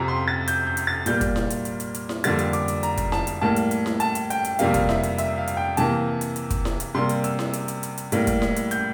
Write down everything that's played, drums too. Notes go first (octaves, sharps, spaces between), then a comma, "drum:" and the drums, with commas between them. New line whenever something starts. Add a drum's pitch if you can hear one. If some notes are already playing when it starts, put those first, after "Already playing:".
Already playing: F2 C3 F3 A#5
C6
A6
G6, drum: hi-hat
G6
drum: hi-hat
A6
A#2 G3 A#3 G6, drum: hi-hat
drum: kick, hi-hat
drum: snare E4
drum: hi-hat
drum: hi-hat
drum: hi-hat
drum: hi-hat
drum: snare E4
F2 D3 G3 A#3 A6, drum: hi-hat
drum: hi-hat
D6, drum: hi-hat
drum: hi-hat
A#5, drum: hi-hat
drum: kick, hi-hat
A5, drum: snare E4
drum: hi-hat
A2 G3 A#3 A5
drum: hi-hat
drum: hi-hat
drum: snare E4
A5, drum: hi-hat
drum: hi-hat
G5, drum: hi-hat
drum: hi-hat
F2 C3 G3 A#3 F5, drum: hi-hat
drum: kick, hi-hat
E5, drum: snare E4
drum: hi-hat
E5, drum: hi-hat
F5
drum: hi-hat
G5
C3 E3 A#3 A5, drum: hi-hat
drum: hi-hat
drum: hi-hat
drum: kick, hi-hat
drum: snare E4
drum: hi-hat
C3 G3 A#3 C6
drum: hi-hat
E6, drum: hi-hat
drum: snare E4
drum: hi-hat
drum: hi-hat
drum: hi-hat
drum: hi-hat
A2 G3 A#3, drum: hi-hat
drum: kick, hi-hat
drum: snare E4
drum: hi-hat
G6, drum: hi-hat